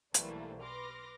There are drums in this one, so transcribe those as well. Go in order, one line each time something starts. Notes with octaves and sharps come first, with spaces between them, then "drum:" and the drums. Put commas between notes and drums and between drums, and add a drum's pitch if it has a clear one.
B1 E3 G3 A3 A#3 C5, drum: hi-hat
B4 C6 D6 F6 A#6